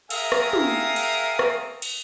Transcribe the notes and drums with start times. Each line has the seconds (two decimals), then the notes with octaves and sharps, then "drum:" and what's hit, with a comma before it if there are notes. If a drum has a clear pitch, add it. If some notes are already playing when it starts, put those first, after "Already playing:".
0.10 G#4 A#4 E5 F5 G5 D#6, drum: cymbal
0.32 drum: rim click
0.53 drum: tom
0.96 drum: cymbal
1.39 drum: rim click
1.82 drum: cymbal